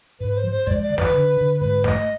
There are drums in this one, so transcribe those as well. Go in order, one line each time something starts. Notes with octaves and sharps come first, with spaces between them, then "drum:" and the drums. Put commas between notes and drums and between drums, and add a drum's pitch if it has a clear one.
G#2 B4
C5
F3
C5
G#3 D5, drum: kick
D5
D#3
B4, drum: snare
D3
D3
G#2 B4
A3 D#5, drum: snare